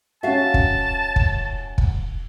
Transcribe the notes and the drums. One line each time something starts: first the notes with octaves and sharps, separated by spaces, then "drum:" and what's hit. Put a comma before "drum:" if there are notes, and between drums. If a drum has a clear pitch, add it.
C#4 F#4 E5 F5 A5
drum: kick
drum: kick
drum: kick